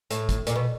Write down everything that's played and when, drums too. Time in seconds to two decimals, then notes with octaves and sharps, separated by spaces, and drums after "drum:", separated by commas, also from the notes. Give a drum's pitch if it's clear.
0.11 A2, drum: hi-hat
0.29 drum: kick, hi-hat
0.47 A#2, drum: hi-hat
0.55 B2